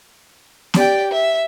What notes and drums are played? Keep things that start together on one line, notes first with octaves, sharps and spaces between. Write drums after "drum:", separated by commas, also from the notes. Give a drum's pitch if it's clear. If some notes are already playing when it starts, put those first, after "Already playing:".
G4 D5 G5, drum: snare
E5